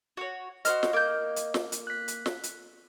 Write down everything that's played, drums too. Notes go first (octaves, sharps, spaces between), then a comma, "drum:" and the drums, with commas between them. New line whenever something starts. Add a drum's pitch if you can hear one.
F#4 C#5
F#4 C5 D#5 F6, drum: hi-hat
drum: snare
A#3 G6
drum: hi-hat
drum: snare
drum: hi-hat
F#6 B6
drum: hi-hat
drum: snare
drum: hi-hat